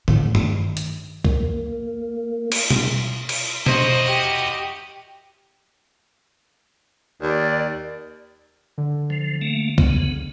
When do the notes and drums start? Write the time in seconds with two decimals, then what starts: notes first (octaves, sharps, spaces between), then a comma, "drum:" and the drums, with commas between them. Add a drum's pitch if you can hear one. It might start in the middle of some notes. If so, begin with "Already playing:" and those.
0.08 A2, drum: tom D3
0.35 D#3, drum: tom G2
0.77 drum: hi-hat
1.25 A#3, drum: kick
2.52 drum: cymbal
2.70 drum: tom B2
3.29 drum: cymbal
3.66 E4 F#4 C5 D#5, drum: tom B2
4.07 G4
7.21 D#2 D5
8.78 D3
9.10 F3
9.42 A3 A#3
9.78 C#3 B3, drum: kick